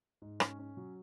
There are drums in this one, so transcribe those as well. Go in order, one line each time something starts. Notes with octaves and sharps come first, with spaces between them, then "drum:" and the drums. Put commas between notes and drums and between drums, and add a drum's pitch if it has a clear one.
G#2
C#4, drum: rim click
C#4
F#3